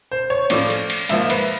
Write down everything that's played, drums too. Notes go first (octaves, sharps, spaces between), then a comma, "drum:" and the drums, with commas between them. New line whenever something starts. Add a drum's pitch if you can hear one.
C5
C#5
A2 F3 A3 C#4 D5, drum: cymbal
drum: cymbal
drum: cymbal
G#2 F3 A#3 E5, drum: cymbal
B4, drum: cymbal